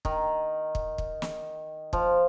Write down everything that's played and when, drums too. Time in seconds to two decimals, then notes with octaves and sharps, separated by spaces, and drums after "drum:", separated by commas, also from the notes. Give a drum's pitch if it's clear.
0.05 D#3, drum: kick
0.75 drum: kick
0.98 drum: kick
1.22 drum: snare
1.93 F3, drum: kick